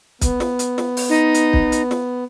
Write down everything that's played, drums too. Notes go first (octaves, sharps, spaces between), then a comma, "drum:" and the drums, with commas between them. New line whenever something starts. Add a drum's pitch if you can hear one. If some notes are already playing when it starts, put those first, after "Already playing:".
B3, drum: kick, hi-hat
drum: snare
drum: hi-hat
drum: snare
drum: open hi-hat
D#4
drum: hi-hat
drum: kick
drum: hi-hat
drum: snare